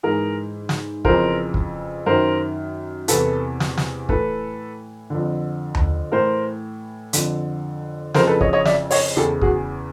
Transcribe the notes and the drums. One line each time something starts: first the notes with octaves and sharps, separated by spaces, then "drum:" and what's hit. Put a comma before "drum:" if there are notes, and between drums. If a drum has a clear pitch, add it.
G#2 E3 G#4 A#4
drum: snare
F2 C#3 E3 A#4 C5, drum: kick
drum: kick
F#2 D#3 A#4 C5
E2 C3 E3 A4 B4, drum: hi-hat
drum: snare
drum: snare
A2 E3 A4 B4, drum: kick
F2 D3
drum: tom D#2
A2 E3 A#4 C5
F2 D3, drum: hi-hat
F2 C#3 E3 A#4 C5, drum: snare
A4 B4
C#5 D#5, drum: kick
C#5 D#5
D5 E5, drum: snare
C#5 D#5, drum: open hi-hat
E2 C#3 E3 G4 A4
F#4 G#4, drum: kick